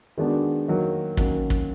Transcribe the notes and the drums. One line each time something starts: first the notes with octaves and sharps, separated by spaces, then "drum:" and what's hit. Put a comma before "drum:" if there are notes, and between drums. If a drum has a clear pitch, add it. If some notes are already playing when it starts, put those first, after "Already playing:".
D#3 G#3 B3 D4 F#4
D#3 F#3 A#3
D#3 F#3 A#3 C#4, drum: kick
drum: kick